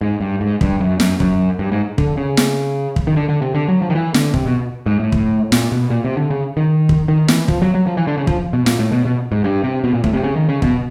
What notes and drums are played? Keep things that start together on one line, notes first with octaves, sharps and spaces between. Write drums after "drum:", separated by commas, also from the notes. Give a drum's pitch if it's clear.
G#2
G2
G#2
G2, drum: kick
F#2
F#2, drum: snare
F#2, drum: kick
G2
G#2
D3, drum: kick
C#3
drum: snare
drum: kick
D#3
D3
D3
C3
D3
F#3
F3
D#3
E3
D3, drum: snare
C3, drum: kick
B2
G#2
A2
drum: kick
A#2, drum: snare
B2
A#2
C3
D3
C#3
D#3
drum: kick
D#3
E3, drum: snare
F3, drum: kick
F#3
F#3
F3
E3
D3
C#3
F3, drum: kick
B2
A#2, drum: snare
A2
B2
B2
G#2
G2
C3
B2
A#2
A2, drum: kick
C3
C#3
D#3
C#3
B2, drum: kick